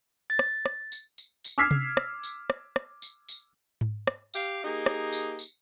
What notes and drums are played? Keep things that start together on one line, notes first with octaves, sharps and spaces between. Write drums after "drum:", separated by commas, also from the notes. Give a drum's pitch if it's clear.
A6
drum: rim click
drum: rim click
drum: tambourine
drum: tambourine
drum: tambourine
D6 E6 F6 G#6 B6 C7
drum: tom C3
drum: rim click
drum: tambourine
drum: rim click
drum: rim click
drum: tambourine
drum: tambourine
drum: tom G#2
drum: rim click
G4 F5, drum: tambourine
A#3 D#4 G4 G#4
drum: rim click
drum: tambourine
drum: tambourine